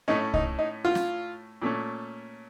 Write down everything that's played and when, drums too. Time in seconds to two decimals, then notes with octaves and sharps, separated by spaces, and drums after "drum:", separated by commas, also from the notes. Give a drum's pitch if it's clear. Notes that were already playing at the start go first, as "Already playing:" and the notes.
0.08 A2 A3 C#4 D#4
0.34 D#4, drum: kick C2
0.59 D#4
0.85 F4
0.95 drum: snare
1.62 A#2 A3 C#4